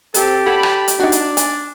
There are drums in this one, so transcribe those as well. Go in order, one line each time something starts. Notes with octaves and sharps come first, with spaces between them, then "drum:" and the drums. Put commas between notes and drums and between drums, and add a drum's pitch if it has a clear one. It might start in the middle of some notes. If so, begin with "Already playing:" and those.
C4 G4 A4, drum: hi-hat
A4 C#5 F#5 A5 B5
drum: rim click
drum: hi-hat
D4 D#4 F#4
drum: hi-hat
G#5, drum: hi-hat